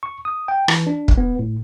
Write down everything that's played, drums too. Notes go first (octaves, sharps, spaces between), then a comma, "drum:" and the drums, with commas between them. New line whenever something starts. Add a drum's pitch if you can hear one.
C#6
D#6
G5
E3, drum: rim click
D4
drum: kick
B3
A2